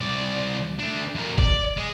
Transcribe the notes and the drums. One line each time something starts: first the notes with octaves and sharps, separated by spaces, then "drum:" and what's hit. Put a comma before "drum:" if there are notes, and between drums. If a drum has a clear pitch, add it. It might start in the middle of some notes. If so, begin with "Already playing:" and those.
C2 D5
A3 D4
F2 A#4
D5, drum: kick
G#3 G#4